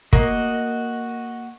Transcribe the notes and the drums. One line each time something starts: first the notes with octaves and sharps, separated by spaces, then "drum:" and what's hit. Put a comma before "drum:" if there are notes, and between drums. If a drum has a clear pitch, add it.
A#3 F#4 D#5, drum: kick